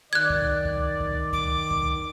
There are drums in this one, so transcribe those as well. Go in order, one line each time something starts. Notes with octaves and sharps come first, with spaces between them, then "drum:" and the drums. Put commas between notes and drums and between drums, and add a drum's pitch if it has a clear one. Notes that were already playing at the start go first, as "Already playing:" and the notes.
D#3 D5 F#6 G#6
drum: kick
drum: kick
drum: kick
D6, drum: kick
drum: kick